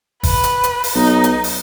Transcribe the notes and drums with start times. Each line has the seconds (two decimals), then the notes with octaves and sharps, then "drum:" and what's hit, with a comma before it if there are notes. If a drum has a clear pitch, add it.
0.23 B4, drum: kick, open hi-hat
0.43 drum: hi-hat
0.64 drum: hi-hat
0.84 drum: open hi-hat
0.95 B1 D#4
1.24 drum: hi-hat
1.44 drum: open hi-hat